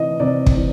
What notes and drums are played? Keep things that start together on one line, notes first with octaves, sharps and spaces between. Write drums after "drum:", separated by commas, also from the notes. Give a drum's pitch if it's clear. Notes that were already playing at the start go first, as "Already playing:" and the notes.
Already playing: C3 E3 D#5
C3 D5
drum: kick
E3